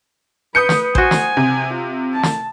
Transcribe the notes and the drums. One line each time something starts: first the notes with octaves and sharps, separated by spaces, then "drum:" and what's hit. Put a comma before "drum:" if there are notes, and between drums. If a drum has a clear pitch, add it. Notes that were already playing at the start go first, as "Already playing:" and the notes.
B4 D#6 G6 C#7
drum: snare
F#4 C5 G#5, drum: kick A1
drum: snare
C3
F4
A5
drum: snare